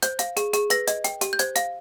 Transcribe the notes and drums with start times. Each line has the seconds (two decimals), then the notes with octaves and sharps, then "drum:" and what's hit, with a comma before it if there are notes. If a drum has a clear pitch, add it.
0.02 C5 G6, drum: hi-hat
0.19 F5, drum: hi-hat
0.37 G#4, drum: hi-hat
0.53 G#4, drum: hi-hat
0.70 B4 A#6, drum: hi-hat
0.87 D#5, drum: hi-hat
1.04 G5, drum: hi-hat
1.21 G4, drum: hi-hat
1.33 G6
1.39 C5 G#6, drum: hi-hat
1.56 F5, drum: hi-hat